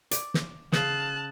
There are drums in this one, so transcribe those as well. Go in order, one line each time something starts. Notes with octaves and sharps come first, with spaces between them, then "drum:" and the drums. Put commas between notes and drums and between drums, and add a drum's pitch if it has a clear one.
D5, drum: hi-hat
drum: snare
C#3 F5 A5 F#6, drum: snare